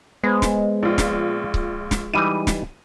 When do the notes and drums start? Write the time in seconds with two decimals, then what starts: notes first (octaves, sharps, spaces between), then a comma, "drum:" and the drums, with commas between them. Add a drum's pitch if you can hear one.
0.23 G#3 B3 C5
0.42 drum: snare
0.83 A#1 F4
0.98 drum: snare
1.54 drum: kick C#1
1.91 drum: snare
2.14 E3 G3 D#4 D#7
2.47 drum: snare